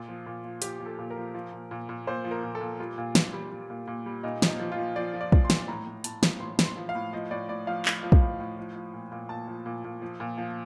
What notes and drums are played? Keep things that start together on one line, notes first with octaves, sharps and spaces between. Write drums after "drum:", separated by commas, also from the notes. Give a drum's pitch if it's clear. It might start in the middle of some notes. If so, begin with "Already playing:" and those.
Already playing: A#2 F4
F3
A#2
F3
F3 G4, drum: hi-hat
F3
A4
A#2
A#4
F3
F3
A#2
A#2
A#2
A#2 C5
F3
A#4
A#2
A4
A#2
G3 F4
A#2
A#2, drum: snare
G3
G3
A#2
A#2
G3
A#2 D#4
F3, drum: snare
D#4
F3
F4
F3
F3 D5
F3
D5
F3, drum: kick
C6
A#2, drum: snare
A2 A#5
A2
A2 A5, drum: hi-hat
F3, drum: snare
A2 C6
A2, drum: snare
C6
F3
F5
A2
F3 D#5
A2 D5
A2 D5
F3 F5
F3, drum: clap
F3
drum: kick
A2
A2
F3
F3
A#2
A#2
A#2 A5
F3
A#2
A#2
F3
A#2
F3